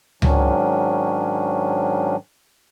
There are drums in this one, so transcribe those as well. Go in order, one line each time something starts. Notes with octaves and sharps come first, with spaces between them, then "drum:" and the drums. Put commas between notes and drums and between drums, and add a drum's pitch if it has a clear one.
G#2 D#3 F#3 C#4 D4, drum: tom C#2